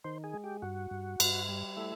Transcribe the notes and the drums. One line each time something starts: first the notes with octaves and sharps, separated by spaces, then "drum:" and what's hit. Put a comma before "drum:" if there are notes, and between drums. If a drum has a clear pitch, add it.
D#3 C5
G#4
G#3
G4
G2 F#4
G2
G2, drum: cymbal
G3
A3 E4